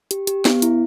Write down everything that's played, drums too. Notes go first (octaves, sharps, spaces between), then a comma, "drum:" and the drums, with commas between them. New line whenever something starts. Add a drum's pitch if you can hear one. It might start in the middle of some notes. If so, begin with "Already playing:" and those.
G4, drum: hi-hat
G4, drum: hi-hat
B3, drum: snare
E4, drum: hi-hat